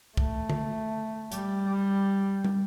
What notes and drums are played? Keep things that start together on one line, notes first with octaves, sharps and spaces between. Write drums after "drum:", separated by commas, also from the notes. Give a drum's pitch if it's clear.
A3, drum: kick C2
drum: tom D3
G3, drum: hi-hat
drum: tom